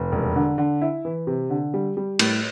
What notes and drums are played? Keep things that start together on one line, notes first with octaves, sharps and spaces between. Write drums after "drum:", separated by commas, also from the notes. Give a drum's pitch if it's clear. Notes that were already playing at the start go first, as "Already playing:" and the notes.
Already playing: F1
E1
D3
D3
E4
E3
C3
D3
G3
G3
A2, drum: cymbal